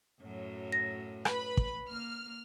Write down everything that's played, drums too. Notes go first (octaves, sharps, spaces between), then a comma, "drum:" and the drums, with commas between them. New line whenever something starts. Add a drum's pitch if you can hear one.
F#2 A2 F#3
A#6
B4 B5, drum: rim click
drum: kick
A#3 F6